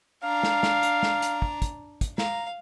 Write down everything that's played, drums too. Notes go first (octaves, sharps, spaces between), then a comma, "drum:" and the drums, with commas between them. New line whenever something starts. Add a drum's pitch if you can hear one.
D4 F5 A#5
drum: snare
drum: snare
drum: hi-hat
drum: snare
drum: hi-hat
drum: kick
drum: kick, hi-hat
drum: kick, hi-hat
F5 A#5, drum: snare